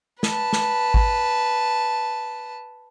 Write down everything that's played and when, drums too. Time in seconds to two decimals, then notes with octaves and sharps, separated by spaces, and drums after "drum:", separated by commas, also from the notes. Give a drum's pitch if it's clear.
0.23 B4 A5, drum: snare
0.53 drum: snare
0.94 drum: kick G#1